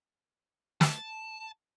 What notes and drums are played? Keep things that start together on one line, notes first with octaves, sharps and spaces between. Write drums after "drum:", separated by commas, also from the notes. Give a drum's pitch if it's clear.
A5, drum: snare